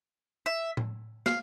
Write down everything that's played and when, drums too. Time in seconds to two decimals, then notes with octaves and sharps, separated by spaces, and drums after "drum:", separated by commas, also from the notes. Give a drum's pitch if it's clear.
0.46 E5
0.77 drum: tom A2
1.26 F5, drum: snare